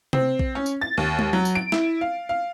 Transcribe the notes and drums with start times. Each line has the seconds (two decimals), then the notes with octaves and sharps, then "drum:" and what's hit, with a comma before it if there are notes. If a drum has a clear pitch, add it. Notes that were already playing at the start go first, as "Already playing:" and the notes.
0.13 C4, drum: tom C3
0.39 drum: kick A#1
0.55 C#4
0.66 drum: tambourine
0.81 A6
0.97 D#2
1.19 drum: tom G#3
1.33 F#3
1.45 drum: tambourine
1.55 D7
1.72 E4, drum: snare
2.01 F5
2.29 F5